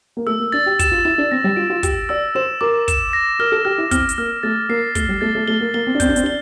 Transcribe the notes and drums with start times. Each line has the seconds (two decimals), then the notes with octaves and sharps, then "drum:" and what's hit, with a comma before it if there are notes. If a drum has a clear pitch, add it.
0.17 A#3
0.27 A3 E6
0.40 A#3
0.52 D4 A6
0.66 G4
0.79 G4 E7, drum: kick, hi-hat
0.92 F4
1.05 E4 E7
1.18 D4
1.31 C4 A#6
1.44 G3
1.56 F4 D7
1.70 F4
1.83 G4 E6, drum: kick, hi-hat
2.09 D5 E6
2.35 C5 E7
2.61 A#4 D6
2.88 E7, drum: kick, hi-hat
3.13 A#6
3.39 A#4 F6
3.52 A4
3.65 G4 F6
3.78 E4
3.91 C4 F6, drum: kick, hi-hat
4.09 drum: hi-hat
4.18 A#3 F6
4.43 A3 A6
4.69 A#3 C7
4.95 A3 G7, drum: kick, hi-hat
5.09 G3
5.21 A3 A6
5.35 A3
5.48 A3 G7
5.60 A#3
5.74 A#3 G7
5.87 C4
5.95 D4
6.00 C4 G6, drum: kick, hi-hat
6.09 D4
6.16 C4, drum: hi-hat
6.24 D4
6.26 G7